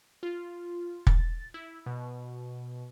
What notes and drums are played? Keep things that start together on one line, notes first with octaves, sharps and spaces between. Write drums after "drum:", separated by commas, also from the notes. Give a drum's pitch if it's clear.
F4
A6, drum: kick
E4
B2